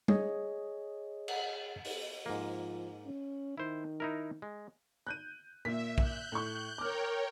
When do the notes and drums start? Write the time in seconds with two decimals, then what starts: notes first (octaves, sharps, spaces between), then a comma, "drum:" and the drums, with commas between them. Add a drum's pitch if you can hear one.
0.08 G#4 C#5 D#5, drum: tom G3
1.28 drum: cymbal
1.85 drum: open hi-hat
2.26 G#2 F3 A#3
3.06 C#4
3.58 D#3 E4 C5
4.00 D#4 E4 A#4
4.42 G#3
5.07 F#6 G6 D#7
5.65 A#2 A#3 E5 B6
5.98 F#6 G6, drum: kick
6.32 A2 C#6
6.78 A#4 C#5 G5 D6 F6